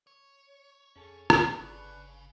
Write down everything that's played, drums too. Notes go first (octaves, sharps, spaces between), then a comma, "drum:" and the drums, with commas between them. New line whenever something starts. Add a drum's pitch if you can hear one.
C#5
F2 C#4 G#4 A4
drum: rim click
G1 C#3 D4 B4 C#6